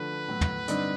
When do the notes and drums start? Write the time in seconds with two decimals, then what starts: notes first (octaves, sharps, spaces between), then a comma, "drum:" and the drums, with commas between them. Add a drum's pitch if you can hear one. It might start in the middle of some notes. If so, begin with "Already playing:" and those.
Already playing: D3 F3 A3 B4
0.28 A2 F#3 B3
0.41 drum: tom
0.68 G2 D3 G3 C4 D#4, drum: hi-hat